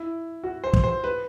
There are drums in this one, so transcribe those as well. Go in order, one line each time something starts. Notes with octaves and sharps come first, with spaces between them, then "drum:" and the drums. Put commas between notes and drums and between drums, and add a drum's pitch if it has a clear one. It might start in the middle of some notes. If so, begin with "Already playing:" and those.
Already playing: E4
F#4
C5
drum: kick
C5
B4